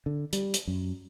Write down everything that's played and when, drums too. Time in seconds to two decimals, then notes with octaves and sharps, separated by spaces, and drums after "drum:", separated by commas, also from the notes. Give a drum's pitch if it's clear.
0.06 D3
0.33 G3, drum: hi-hat
0.54 drum: hi-hat
0.67 F#2